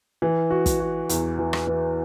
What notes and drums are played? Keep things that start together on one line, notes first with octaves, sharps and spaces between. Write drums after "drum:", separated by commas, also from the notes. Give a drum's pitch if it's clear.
E3
F#4
drum: kick, hi-hat
F#4
E2, drum: hi-hat
E3
drum: rim click
E3